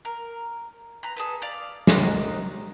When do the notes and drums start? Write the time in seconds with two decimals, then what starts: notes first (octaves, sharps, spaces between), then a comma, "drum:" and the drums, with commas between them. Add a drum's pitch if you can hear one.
0.05 A#4
1.03 B4 A#5
1.17 G#4 A4 B4
1.42 D5 F5
1.87 F4 A#4 D#5 F#5, drum: snare